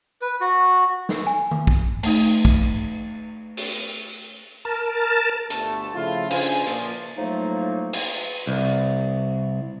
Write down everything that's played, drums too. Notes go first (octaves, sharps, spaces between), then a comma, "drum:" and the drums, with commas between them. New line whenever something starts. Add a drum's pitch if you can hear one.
B4
F#4
drum: snare
G#5
drum: tom D#3
drum: kick
A3 D#4, drum: cymbal
drum: kick
drum: open hi-hat
A#4 A5
G1 D2 A3 A5, drum: hi-hat
C#3 F3 A3 E4 F4
C#3 D4 F4 C5 G#5, drum: cymbal
A#2 F3, drum: hi-hat
A2 F3 F#3 A3 A#3 D#4
drum: cymbal
C2